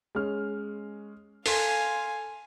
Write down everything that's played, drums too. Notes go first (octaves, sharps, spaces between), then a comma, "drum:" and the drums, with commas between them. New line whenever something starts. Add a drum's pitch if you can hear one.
G#3 C#4 F6
A4 F5 G#5 C6, drum: open hi-hat